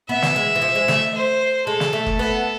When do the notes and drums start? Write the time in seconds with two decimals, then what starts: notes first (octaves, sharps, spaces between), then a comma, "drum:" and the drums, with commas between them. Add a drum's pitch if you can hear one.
0.09 B3 E5
0.22 drum: snare
0.36 G#3
0.56 E3
0.62 F3
0.75 G#3
0.88 A3, drum: snare
1.15 C5
1.67 G#3 A4
1.80 drum: snare
1.93 A3
2.06 drum: kick F#1
2.19 B3 A4